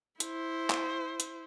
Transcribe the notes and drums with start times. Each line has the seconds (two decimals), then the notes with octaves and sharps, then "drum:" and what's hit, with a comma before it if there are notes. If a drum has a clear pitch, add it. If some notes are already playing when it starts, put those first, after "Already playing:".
0.20 E4 C5, drum: hi-hat
0.70 drum: clap
1.20 drum: hi-hat